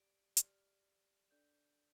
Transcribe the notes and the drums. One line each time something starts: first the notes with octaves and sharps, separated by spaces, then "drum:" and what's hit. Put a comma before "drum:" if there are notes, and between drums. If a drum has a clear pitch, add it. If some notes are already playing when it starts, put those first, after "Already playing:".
Already playing: G4 D5 D7
G4 D5 F6, drum: hi-hat
D4 A4 D5 G6